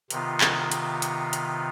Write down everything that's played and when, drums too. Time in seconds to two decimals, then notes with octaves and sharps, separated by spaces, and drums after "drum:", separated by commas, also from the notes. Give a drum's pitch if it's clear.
0.10 C3 D#3 B3 F4, drum: hi-hat
0.41 drum: clap
0.72 drum: hi-hat
1.02 drum: hi-hat
1.33 drum: hi-hat